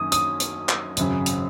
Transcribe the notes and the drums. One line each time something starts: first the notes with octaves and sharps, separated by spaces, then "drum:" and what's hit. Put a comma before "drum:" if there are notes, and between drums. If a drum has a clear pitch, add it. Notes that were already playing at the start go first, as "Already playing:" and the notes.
Already playing: F#2 D#3 A#3 C#4 D#6
D#6, drum: hi-hat
drum: hi-hat
drum: clap
G#1 F#2 C#3, drum: hi-hat
drum: hi-hat